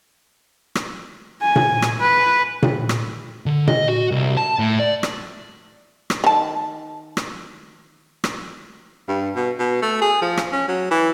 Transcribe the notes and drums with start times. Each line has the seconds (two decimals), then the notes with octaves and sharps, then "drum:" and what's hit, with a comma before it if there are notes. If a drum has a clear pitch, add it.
0.75 drum: rim click
1.42 G#5
1.56 drum: tom A#2
1.82 drum: rim click
2.00 B4
2.62 drum: tom A#2
2.89 drum: rim click
3.46 D3
3.67 D#5, drum: tom A#2
3.89 F#4
4.11 C2
4.37 A5
4.59 A2
4.79 D5
5.03 drum: rim click
6.10 drum: rim click
6.24 D#3 A5
7.17 drum: rim click
8.24 drum: rim click
9.08 G2
9.35 B2
9.59 B2
9.82 A3
10.02 G#4
10.22 F3
10.37 drum: rim click
10.52 C#4
10.68 F#3
10.91 E3